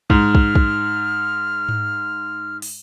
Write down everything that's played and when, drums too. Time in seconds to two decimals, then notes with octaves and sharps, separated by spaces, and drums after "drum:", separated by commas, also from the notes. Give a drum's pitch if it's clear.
0.10 G#2 F6, drum: kick
0.35 drum: kick
0.55 drum: kick
1.69 drum: tom G#2
2.62 drum: open hi-hat